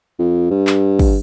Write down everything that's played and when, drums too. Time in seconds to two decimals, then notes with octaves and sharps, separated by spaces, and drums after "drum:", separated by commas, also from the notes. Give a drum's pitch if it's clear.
0.19 F2
0.51 G2
0.67 drum: clap
0.99 drum: kick, open hi-hat